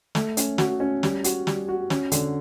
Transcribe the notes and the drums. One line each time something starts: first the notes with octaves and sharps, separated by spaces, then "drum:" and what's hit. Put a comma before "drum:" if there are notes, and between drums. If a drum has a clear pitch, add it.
A3, drum: snare
C#4, drum: hi-hat
F#4, drum: snare
C#4
G3, drum: snare
F#4, drum: hi-hat
G3, drum: snare
F#4
C#4, drum: snare
D3, drum: hi-hat